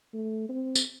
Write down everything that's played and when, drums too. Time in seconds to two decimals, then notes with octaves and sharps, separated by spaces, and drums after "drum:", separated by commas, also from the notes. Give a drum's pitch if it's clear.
0.13 A3
0.49 C4
0.75 drum: tambourine